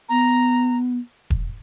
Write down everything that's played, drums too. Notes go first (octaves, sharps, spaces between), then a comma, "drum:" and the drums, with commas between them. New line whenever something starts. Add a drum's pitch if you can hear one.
B3 A#5
drum: kick E1